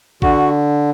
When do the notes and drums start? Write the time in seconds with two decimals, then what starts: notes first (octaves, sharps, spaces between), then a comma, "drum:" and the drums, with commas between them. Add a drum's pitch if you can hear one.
0.22 D3 F#4, drum: kick A1